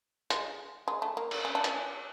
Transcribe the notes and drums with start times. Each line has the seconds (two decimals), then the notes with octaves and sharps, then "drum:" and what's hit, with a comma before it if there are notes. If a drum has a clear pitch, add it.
0.30 G#3, drum: hi-hat
0.88 G#3
1.02 A3
1.17 A#3
1.31 drum: cymbal
1.45 C#4
1.55 D4
1.64 C#4, drum: hi-hat